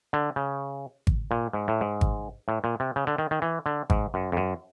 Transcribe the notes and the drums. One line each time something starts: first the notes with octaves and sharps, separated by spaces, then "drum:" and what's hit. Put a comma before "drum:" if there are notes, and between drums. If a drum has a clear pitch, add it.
D3
C#3
drum: kick G#1
A#2
G#2
A2
G#2
drum: kick G#1
A2
A#2
C3
C#3
D3
D#3
D#3
E3
D3
G#2, drum: kick G#1
F#2
F2
F#2